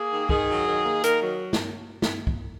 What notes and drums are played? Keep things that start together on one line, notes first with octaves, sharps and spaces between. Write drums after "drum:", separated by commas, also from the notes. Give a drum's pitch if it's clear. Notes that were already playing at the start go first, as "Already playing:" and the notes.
Already playing: A#3 G#4
D#3
D#3 G#4, drum: kick
F#3
D#3
A#3
D#3 A#4, drum: hi-hat
F#3
drum: snare
drum: snare
drum: kick